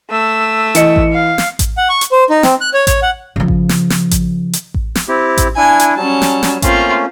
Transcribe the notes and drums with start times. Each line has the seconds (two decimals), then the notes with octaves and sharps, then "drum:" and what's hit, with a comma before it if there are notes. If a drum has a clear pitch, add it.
0.10 A3 E6
0.75 E3 D#5 C#7, drum: hi-hat
0.96 drum: kick A1
1.13 F5
1.38 drum: snare
1.59 drum: kick A1, hi-hat
1.77 F#5
1.89 C#6
2.01 drum: hi-hat
2.12 C5
2.30 D#4
2.43 C4, drum: snare
2.61 F#6
2.74 C#5
2.87 C#5, drum: kick A1, hi-hat
3.02 F#5
3.36 C#3 F3
3.48 drum: kick A1
3.69 drum: snare
3.90 drum: snare
4.11 drum: kick A1, hi-hat
4.53 drum: hi-hat
4.74 drum: kick A1
4.95 drum: snare
5.08 C4 E4 G4
5.37 drum: kick A1, hi-hat
5.57 D4 E4 G#5
5.80 drum: hi-hat
5.96 F#3 G3 C#4 A5
6.22 drum: snare
6.43 drum: snare
6.62 A3 A#3 C4 C#4 F4, drum: kick A1, hi-hat